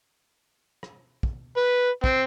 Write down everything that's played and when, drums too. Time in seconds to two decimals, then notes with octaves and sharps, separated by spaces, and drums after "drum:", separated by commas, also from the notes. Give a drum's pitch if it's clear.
0.83 drum: rim click
1.23 drum: kick
1.57 B4
2.04 C4, drum: kick